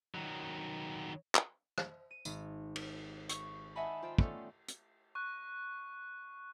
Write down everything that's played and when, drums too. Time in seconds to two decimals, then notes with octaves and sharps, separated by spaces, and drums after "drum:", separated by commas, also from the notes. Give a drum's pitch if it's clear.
0.15 D#3 F#3
1.35 drum: clap
1.78 drum: rim click
2.11 D#7
2.25 G#1, drum: tambourine
2.76 drum: cymbal
3.29 C#6, drum: hi-hat
3.76 D#5 E5 F#5 G#5 A5 B5
4.02 F4 C5 G5
4.18 A3 B3 C#4 A4 D5, drum: kick
4.68 drum: hi-hat
5.15 C#6 F#6